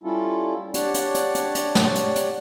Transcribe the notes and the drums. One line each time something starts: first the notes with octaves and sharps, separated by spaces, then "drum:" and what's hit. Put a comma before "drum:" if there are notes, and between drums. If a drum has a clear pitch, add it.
G3 C#4 E4 F4 A4
D4 G4 C#5 D5 F#5, drum: hi-hat
drum: hi-hat
drum: hi-hat
drum: hi-hat
drum: hi-hat
drum: snare
drum: hi-hat
drum: hi-hat